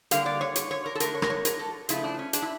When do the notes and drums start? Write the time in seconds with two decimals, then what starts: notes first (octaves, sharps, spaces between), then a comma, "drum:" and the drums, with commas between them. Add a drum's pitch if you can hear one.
0.11 D3 G3 A#3 F5, drum: hi-hat
0.26 D5
0.41 C#5
0.56 C#5, drum: hi-hat
0.71 C#5
0.86 A#4
0.95 A4
1.00 D3 A3 A#4, drum: hi-hat
1.15 C#5
1.22 A#4, drum: rim click
1.30 C#5
1.45 A#4, drum: hi-hat
1.59 A4
1.89 C#3 F3 A3 E4, drum: hi-hat
2.04 D4
2.19 C#4
2.33 D4, drum: hi-hat
2.42 E4